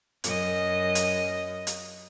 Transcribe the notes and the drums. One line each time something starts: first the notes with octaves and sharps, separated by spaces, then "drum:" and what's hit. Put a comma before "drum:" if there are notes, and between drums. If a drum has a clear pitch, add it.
F#2 D#5, drum: hi-hat
drum: hi-hat
drum: hi-hat